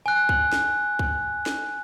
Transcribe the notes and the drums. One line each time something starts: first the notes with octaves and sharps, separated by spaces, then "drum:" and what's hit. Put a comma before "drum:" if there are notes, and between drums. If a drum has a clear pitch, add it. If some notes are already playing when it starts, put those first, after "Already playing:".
G#5 F#6
drum: kick C2
drum: snare
drum: kick C2
drum: snare